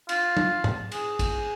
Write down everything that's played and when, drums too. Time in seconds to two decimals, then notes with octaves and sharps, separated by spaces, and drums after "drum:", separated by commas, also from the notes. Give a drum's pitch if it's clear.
0.09 F4, drum: cymbal
0.37 drum: tom
0.64 drum: tom G#2
0.92 G#4, drum: cymbal
1.19 drum: kick A1, cymbal